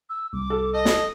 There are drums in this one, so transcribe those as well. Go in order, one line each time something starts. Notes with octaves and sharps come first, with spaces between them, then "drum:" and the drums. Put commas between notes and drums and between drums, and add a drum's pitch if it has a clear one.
E6
C2 D6
A4
D#5 A5
drum: snare